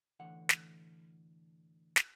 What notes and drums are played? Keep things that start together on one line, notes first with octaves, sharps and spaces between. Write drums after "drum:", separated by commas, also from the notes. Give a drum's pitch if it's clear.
A2 D3 E3 F#5
drum: snare
drum: snare